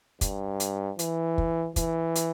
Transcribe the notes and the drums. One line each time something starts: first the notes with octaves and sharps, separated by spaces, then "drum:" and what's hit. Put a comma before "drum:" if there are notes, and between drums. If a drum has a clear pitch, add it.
G2, drum: kick, hi-hat
drum: hi-hat
E3, drum: hi-hat
drum: kick
E3, drum: kick, hi-hat
drum: hi-hat